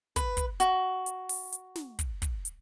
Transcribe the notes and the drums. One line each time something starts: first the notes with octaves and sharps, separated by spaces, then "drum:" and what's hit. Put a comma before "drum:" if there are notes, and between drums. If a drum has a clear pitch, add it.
B4, drum: kick, hi-hat
drum: kick, hi-hat
F#4, drum: hi-hat
drum: hi-hat
drum: open hi-hat
drum: hi-hat
drum: snare
drum: kick, hi-hat
drum: kick, hi-hat
drum: hi-hat